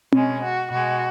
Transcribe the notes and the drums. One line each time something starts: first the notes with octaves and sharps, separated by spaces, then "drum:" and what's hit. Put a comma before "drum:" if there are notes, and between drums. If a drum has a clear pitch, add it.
B2 G#3 C#4, drum: tom C4
F#4
B2 G#3 F#4